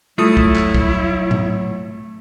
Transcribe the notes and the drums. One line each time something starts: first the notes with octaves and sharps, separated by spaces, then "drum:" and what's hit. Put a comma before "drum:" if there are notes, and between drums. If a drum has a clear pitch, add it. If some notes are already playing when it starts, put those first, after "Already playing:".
F#3 G3 A3 E4 F4 D#6
drum: kick
drum: clap
drum: kick
drum: tom G#2